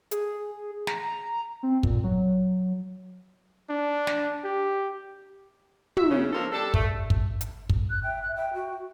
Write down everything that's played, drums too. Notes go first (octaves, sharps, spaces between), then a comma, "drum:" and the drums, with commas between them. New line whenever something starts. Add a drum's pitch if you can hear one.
G#4, drum: hi-hat
A#5, drum: snare
C4
A#2, drum: kick
F#3
D4
drum: snare
G4
E5, drum: tom
F#2 C#3
F3 G#3 A#3 A4 A#4 C5
G3 D4 G4 A4
A3, drum: kick
drum: kick
drum: hi-hat
drum: kick
F#6
E5 G5
F#6
E5 G5
F#4